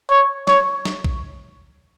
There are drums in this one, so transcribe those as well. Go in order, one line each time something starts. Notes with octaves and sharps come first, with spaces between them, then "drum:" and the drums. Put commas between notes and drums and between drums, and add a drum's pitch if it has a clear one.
C#5
C#5, drum: snare
drum: snare
drum: kick A#1